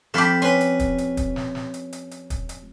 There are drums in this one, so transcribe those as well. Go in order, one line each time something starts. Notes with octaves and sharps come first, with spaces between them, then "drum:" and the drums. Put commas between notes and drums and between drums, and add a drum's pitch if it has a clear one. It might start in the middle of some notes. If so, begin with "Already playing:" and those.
F2 G4 A4 F5 B5
C#4 B4 C6, drum: hi-hat
drum: hi-hat
drum: kick, hi-hat
drum: hi-hat
drum: kick, hi-hat
drum: snare
drum: snare
drum: hi-hat
drum: hi-hat
drum: hi-hat
drum: kick, hi-hat
drum: hi-hat